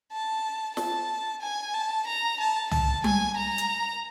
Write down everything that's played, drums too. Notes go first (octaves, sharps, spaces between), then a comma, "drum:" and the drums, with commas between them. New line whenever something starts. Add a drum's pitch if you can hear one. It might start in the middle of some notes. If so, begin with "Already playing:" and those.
A5
A5, drum: snare
G#5
A5
A#5
A5
A5, drum: tom
G#5, drum: tom G3
A#5
drum: hi-hat